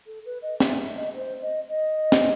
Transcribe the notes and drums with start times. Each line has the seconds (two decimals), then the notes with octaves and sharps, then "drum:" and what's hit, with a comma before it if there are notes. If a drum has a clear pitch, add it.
0.06 A4
0.25 B4
0.42 D#5
0.60 E5, drum: snare
0.78 E5
0.96 D#5
1.14 C5
1.41 D#5
1.68 D#5
2.12 drum: snare